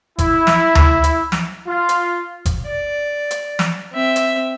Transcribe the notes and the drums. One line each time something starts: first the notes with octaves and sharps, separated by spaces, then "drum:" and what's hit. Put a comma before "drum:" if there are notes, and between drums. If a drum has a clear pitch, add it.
E4, drum: kick G1, hi-hat
drum: snare
drum: tom D2
drum: hi-hat
drum: snare
F4
drum: hi-hat
drum: kick G1, hi-hat
D5
drum: hi-hat
drum: snare
C4 E5
drum: hi-hat